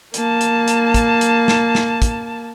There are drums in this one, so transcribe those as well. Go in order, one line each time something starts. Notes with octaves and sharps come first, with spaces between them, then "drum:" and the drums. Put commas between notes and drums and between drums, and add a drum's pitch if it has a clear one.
A#3 A5, drum: hi-hat
drum: hi-hat
drum: hi-hat
drum: kick, hi-hat
drum: hi-hat
drum: snare
drum: snare
drum: kick, hi-hat